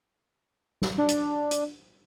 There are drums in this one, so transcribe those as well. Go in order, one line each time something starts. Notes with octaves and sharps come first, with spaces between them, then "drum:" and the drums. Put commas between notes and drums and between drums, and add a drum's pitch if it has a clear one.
drum: snare
D4
drum: hi-hat
drum: hi-hat